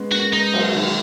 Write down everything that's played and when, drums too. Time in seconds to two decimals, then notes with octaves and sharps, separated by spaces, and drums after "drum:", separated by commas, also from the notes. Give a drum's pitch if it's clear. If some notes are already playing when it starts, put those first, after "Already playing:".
Already playing: G#3 B3 C#4
0.11 A#3 C#4 F#4
0.33 G#3 B3 D#4
0.53 F#3 A#3, drum: cymbal
0.75 D#3 F#3